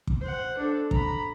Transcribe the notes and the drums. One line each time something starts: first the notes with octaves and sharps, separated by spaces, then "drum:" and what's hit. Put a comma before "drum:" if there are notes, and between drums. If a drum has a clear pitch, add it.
drum: kick
C5 F#5
D4 A4
A#5 B5, drum: kick